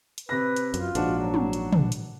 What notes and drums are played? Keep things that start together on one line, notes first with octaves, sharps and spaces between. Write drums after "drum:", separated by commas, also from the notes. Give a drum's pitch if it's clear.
drum: hi-hat
C3 B4 A#6
drum: hi-hat
F#2 F4, drum: hi-hat
A#1 G#2 D4 F#4, drum: hi-hat
F#3
drum: tom
drum: hi-hat
drum: tom
drum: hi-hat